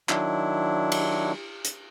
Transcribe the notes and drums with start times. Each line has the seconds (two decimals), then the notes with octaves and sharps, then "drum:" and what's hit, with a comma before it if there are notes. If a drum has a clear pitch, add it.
0.09 D#3 F#3 D4 E4, drum: clap
0.92 drum: cymbal
1.65 drum: hi-hat